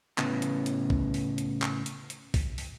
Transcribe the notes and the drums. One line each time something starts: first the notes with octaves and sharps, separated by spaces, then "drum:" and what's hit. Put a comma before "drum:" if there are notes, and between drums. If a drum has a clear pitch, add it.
A2 C#3 B3, drum: clap
drum: hi-hat
drum: hi-hat
drum: kick
drum: open hi-hat
drum: hi-hat
drum: clap
drum: hi-hat
drum: hi-hat
drum: kick, open hi-hat
drum: open hi-hat